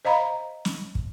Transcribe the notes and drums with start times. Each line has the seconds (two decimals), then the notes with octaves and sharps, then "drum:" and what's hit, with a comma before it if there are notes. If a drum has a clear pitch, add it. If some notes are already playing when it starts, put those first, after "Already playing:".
0.05 C5 D#5 F5 A#5 B5
0.65 drum: snare
0.95 drum: kick